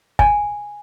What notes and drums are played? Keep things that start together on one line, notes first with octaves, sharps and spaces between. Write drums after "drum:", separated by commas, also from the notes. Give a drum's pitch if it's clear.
G#5, drum: kick